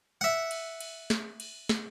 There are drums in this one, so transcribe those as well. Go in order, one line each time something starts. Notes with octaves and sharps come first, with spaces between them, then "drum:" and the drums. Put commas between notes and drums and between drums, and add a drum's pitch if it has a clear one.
E5 F#5
drum: cymbal
drum: cymbal
drum: snare
drum: cymbal
drum: snare